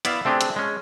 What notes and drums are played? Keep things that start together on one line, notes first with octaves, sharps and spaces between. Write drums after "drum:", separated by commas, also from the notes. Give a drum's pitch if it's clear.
B3 E4 D5 E5 F5, drum: hi-hat
A3 C4 D4 G4 G#4
drum: hi-hat
G#3 C#4